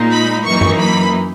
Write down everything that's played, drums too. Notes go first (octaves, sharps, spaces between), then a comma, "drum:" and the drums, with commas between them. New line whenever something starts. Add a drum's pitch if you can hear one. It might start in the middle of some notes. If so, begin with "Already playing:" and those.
Already playing: A#2 G#3 D#4
B5
F#2 E3 A#3 D#4 C#6
drum: tom F#2
B5